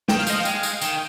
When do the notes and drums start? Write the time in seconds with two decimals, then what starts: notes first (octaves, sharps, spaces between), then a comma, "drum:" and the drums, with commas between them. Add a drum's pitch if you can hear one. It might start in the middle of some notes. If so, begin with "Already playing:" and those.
0.08 D#3 G5, drum: snare
0.19 F5
0.27 F3 D#5, drum: tambourine
0.40 F5
0.45 G#3, drum: tambourine
0.63 drum: tambourine
0.81 D#3 G5, drum: tambourine